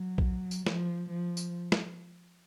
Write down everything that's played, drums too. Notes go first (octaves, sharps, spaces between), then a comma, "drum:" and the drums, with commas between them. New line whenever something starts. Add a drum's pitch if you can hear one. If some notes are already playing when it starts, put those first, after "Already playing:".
Already playing: F#3
drum: kick A#1
drum: tambourine
F3, drum: snare
F3
drum: tambourine
drum: snare